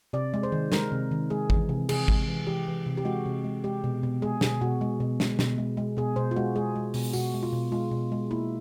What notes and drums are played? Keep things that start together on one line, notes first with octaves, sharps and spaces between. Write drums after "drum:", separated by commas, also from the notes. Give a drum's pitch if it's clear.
C3 D5
G#3
C5
D#3
G#3 A#4, drum: snare
C3
D#3
G#3 G#4
E3, drum: kick G#1
C3
C3 G#4, drum: cymbal
G#3, drum: kick G#1
E3
E3 G4
E3
C3
G4
G#3 F#4
C3
G#3
G#3 G4
B2
B2
G#3 G#4
B2 G#4, drum: snare
B2 F#4
G#3
B2
G#3, drum: snare
B2, drum: snare
G#3
G#3
B2 G#4
B2 C5
F4
G#3 F#4
G#3 G#4
G#3
B2, drum: open hi-hat
B2 F#4, drum: tambourine
G#3
F4
B2
G#3 F4
B2
G#3
A#3 E4